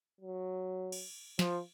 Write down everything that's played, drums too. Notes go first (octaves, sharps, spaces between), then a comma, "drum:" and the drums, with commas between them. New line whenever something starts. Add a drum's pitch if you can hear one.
F#3
drum: cymbal
F3, drum: snare